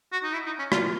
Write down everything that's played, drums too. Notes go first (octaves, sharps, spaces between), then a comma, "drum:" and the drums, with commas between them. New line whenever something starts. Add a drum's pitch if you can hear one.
F#4
D#4
E4
D#4
C#4
F4, drum: rim click